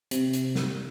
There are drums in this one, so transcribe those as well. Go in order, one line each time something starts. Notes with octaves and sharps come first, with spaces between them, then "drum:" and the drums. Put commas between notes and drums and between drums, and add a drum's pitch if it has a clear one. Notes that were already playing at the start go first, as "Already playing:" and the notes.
C3, drum: hi-hat
drum: hi-hat
drum: snare